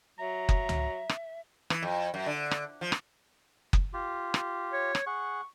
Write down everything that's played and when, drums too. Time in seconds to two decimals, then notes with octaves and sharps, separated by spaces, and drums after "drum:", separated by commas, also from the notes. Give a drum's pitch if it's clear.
0.19 F#3 E5 A#5
0.49 drum: kick F#1
0.69 drum: tom C#2
1.09 drum: rim click
1.70 E3, drum: rim click
1.82 F2
2.14 F#2
2.26 D3
2.51 drum: rim click
2.81 F3
2.92 drum: rim click
3.73 drum: kick F#1
3.93 F4 G4
4.34 drum: rim click
4.73 C#5
4.95 drum: rim click
5.07 G#4 F#5 C#6